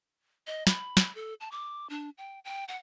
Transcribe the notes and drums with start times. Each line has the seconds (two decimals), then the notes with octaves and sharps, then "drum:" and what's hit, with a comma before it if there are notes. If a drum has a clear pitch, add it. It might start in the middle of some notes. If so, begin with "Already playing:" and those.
0.47 D#5
0.67 B5, drum: snare
0.97 drum: snare
1.15 A4
1.41 A5
1.52 D6
1.90 D4
2.18 G5
2.45 G5
2.68 F#5